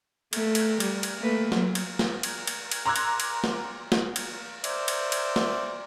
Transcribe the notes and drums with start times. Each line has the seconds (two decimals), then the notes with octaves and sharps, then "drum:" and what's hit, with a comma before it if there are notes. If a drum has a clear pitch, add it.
0.33 A3, drum: cymbal
0.55 drum: cymbal
0.80 G3, drum: cymbal
1.03 drum: cymbal
1.20 A3 A#3 B4
1.52 F#3, drum: snare
1.75 drum: cymbal
1.99 drum: snare
2.23 drum: cymbal
2.47 drum: cymbal
2.71 drum: cymbal
2.86 A#5 C6 D6 E6 F#6 G#6
2.96 drum: cymbal
3.20 drum: cymbal
3.44 drum: snare
3.92 drum: snare
4.16 drum: cymbal
4.64 C5 D5 E5, drum: cymbal
4.88 drum: cymbal
5.12 drum: cymbal
5.36 drum: snare